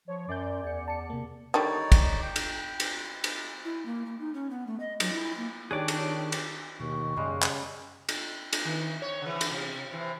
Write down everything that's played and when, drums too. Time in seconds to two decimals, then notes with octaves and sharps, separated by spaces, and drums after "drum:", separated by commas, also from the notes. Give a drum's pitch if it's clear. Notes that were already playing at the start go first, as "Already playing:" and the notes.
0.08 F3 C#5
0.29 F#2 D5 C6 G6
0.63 E2 G#5 C#7
0.88 A5 C#7
1.10 C3 A#3
1.54 D3 D#3 G3 D#4 C#5 D5
1.92 drum: kick, cymbal
2.23 G5
2.36 drum: cymbal
2.80 drum: cymbal
3.24 drum: cymbal
3.65 E4
3.86 A#3
4.06 A#3
4.20 D#4
4.34 C#4
4.50 B3
4.67 A3
4.80 D#5
5.00 F#3, drum: cymbal
5.12 E4
5.37 A#3
5.71 D#3 D4 G4 G#4 C#5 D5 F#6
5.88 drum: cymbal
6.32 drum: cymbal
6.80 D#2 B2 C#6
7.16 F#2 C#3 G3 G#3
7.42 drum: clap
8.09 drum: cymbal
8.53 drum: cymbal
8.65 D#3
9.02 C#5
9.22 C#3 E3
9.41 drum: cymbal
9.51 C3
9.91 C3 E3